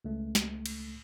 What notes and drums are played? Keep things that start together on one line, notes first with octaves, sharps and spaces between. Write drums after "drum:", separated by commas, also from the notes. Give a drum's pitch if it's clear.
C#2 A3
drum: snare
drum: cymbal